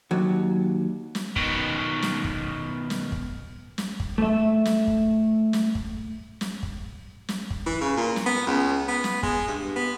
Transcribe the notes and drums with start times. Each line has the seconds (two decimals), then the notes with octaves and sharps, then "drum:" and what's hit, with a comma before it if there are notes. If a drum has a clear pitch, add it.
0.11 D#2 F#3
1.15 drum: snare
1.36 B2 D#3, drum: kick
2.02 drum: snare
2.24 drum: kick
2.90 drum: snare
3.12 drum: kick
3.78 drum: snare
4.00 drum: kick
4.18 A3 E5
4.65 drum: snare
4.87 drum: kick
5.53 drum: snare
5.75 drum: kick
6.41 drum: snare
6.63 drum: kick
7.29 drum: snare
7.50 drum: kick
7.66 E3
7.81 C#3
7.97 A#2
8.16 drum: snare
8.26 B3
8.47 C#2
8.88 B3
9.04 drum: snare
9.23 G#3, drum: kick
9.48 G2
9.76 B3